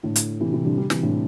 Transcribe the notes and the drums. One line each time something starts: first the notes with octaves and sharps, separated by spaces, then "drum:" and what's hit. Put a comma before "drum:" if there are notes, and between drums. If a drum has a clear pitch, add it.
A2 D3
drum: hi-hat
C3 E3
C3 E3
D3 G3
D3 G3
C3 E3, drum: snare
A2 D3